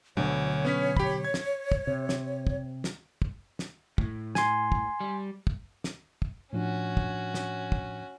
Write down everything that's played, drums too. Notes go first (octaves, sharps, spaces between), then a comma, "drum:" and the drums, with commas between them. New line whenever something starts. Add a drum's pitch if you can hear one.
D2 B2 D3 F#3 C#5
B3 C#4 B6
G4 B5, drum: kick
G#6
drum: snare
drum: kick
C3
drum: snare
drum: kick
drum: snare
drum: kick
drum: snare
A2, drum: kick
G#5 C6, drum: snare
drum: kick
G3
drum: kick
drum: snare
drum: kick
A2 F3 C#4 D4 F#4
drum: kick
drum: snare
drum: kick